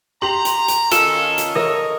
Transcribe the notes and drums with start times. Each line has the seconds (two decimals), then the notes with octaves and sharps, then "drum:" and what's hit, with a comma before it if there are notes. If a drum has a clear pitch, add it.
0.22 G4 A#5 C6 F#7
0.45 drum: hi-hat
0.68 drum: hi-hat
0.91 D#3 C#4 F4 A4, drum: hi-hat
1.38 drum: hi-hat
1.55 A#4 C#5 D#5